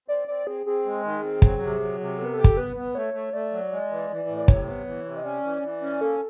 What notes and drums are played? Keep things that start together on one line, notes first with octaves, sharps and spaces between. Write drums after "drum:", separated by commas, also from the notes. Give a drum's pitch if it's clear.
C4 D5
C4 D5
C4 G#4
C4 G#4
G#3
D#3
C4
F#3, drum: kick
C3
F#3
C3
B3 A4
A#4
G4 A4
drum: kick
B3 B4
B3
A3 C#5
A3
A3 D5
F#3
G#3
E3
E3
A2
D5
C3 C#5, drum: kick
B3
E3
C3
D#5
C#4 D5
E3
E3
C#4
A#3 A4